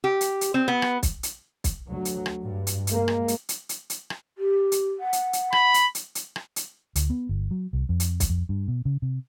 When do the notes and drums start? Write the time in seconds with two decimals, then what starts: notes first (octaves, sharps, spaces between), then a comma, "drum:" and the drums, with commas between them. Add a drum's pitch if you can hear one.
0.04 G4
0.21 drum: hi-hat
0.41 drum: hi-hat
0.54 C4
0.68 B3
0.82 drum: rim click
1.03 drum: kick, hi-hat
1.23 drum: hi-hat
1.64 drum: kick, hi-hat
1.89 D2 F#3
2.05 drum: hi-hat
2.26 drum: rim click
2.43 G2
2.67 drum: hi-hat
2.87 G#3 A#3, drum: hi-hat
3.08 drum: rim click
3.28 drum: hi-hat
3.49 drum: hi-hat
3.69 drum: hi-hat
3.90 drum: hi-hat
4.10 drum: rim click
4.38 G4
4.72 drum: hi-hat
5.00 F#5
5.13 drum: hi-hat
5.33 drum: hi-hat
5.53 B5, drum: rim click
5.74 drum: hi-hat
5.95 drum: hi-hat
6.15 drum: hi-hat
6.36 drum: rim click
6.56 drum: hi-hat
6.96 D2, drum: hi-hat
7.10 B3
7.29 G1
7.51 F#3
7.73 C2
7.89 F2
8.00 drum: hi-hat
8.20 drum: kick, hi-hat
8.30 F2
8.49 G2
8.68 B2
8.85 C#3
9.02 C3